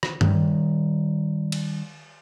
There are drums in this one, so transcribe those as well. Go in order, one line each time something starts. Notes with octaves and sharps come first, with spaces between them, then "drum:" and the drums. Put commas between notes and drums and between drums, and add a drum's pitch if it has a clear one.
drum: rim click
D#3 G3, drum: tom G2
drum: cymbal